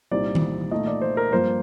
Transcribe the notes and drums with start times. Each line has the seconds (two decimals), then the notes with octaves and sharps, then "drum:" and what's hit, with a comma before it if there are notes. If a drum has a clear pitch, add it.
0.11 C2 A#2 G3 C4 D#4 D5
0.35 drum: tom D#3
0.71 A#2 A3 D#4 D#5
0.87 D5
1.01 C5
1.17 A#4
1.32 G2 F3 A#3 C5